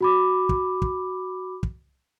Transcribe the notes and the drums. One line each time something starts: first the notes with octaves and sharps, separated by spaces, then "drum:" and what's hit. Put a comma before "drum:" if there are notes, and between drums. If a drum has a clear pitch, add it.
F#4 B5 D6
drum: kick
drum: kick
drum: kick